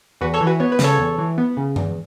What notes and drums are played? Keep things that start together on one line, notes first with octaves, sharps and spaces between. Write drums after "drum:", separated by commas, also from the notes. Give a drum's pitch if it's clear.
E2 F#4 B4
A4 C#5
E3
F#4 B4
B3 C#5
B4
C#3, drum: snare
A4 C#5
E2
E3
B3
C#3
E2, drum: tom G2